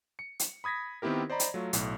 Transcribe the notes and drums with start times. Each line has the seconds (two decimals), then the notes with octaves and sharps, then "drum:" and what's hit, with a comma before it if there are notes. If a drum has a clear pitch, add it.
0.19 C#7
0.39 drum: hi-hat
0.64 B5 D#6 G#6 A#6 B6
1.02 D#3 B3 C4 E4 G4 A#4
1.30 C5 D5 D#5 A#5 B5
1.40 drum: hi-hat
1.54 F#3 A3 F4
1.73 B1 A2, drum: hi-hat